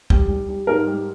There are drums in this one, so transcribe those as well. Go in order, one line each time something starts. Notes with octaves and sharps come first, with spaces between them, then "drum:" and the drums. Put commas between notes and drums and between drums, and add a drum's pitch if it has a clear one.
G3, drum: kick
G3
G3
G#2 A#4
G3